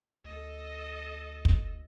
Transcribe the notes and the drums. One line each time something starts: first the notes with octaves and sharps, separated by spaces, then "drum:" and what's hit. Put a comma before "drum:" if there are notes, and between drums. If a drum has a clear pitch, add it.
D2 A4 D#5
drum: kick